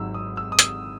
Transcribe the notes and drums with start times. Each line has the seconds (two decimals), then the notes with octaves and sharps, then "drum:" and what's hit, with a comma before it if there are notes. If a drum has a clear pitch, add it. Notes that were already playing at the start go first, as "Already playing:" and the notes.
Already playing: G#1 G#2 F#3 E6
0.14 D#6
0.37 E6
0.52 D#6
0.59 E6, drum: hi-hat